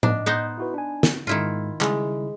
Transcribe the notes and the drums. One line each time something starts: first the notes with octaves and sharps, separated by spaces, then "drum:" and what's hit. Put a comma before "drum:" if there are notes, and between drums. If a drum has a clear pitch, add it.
D4 D#5, drum: tom A2
B3 D#4 C5
E4 F#4 B4
D4 G#5
drum: snare
G#2 D#3 G#3 E4 F4
C#3 G3 G#3 E4, drum: clap